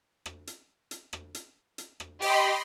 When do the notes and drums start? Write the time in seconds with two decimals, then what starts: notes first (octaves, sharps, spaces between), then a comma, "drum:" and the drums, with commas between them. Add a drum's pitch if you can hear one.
0.26 drum: rim click
0.47 drum: hi-hat
0.91 drum: hi-hat
1.13 drum: rim click
1.35 drum: hi-hat
1.78 drum: hi-hat
2.00 drum: rim click
2.22 G4 D#5 B5 C6, drum: open hi-hat